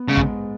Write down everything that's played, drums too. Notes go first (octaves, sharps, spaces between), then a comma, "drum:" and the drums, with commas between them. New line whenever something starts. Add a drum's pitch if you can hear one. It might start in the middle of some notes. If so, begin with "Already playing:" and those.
Already playing: B3
G#2 C#3 G#3
drum: kick